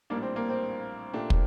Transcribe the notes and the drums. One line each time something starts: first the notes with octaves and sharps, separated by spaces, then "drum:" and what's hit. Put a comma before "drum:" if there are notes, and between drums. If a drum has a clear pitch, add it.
A#1 A2 G3 A#3 D4
C4
A#3
C4
A#2 A3 D4 G4 C5
drum: kick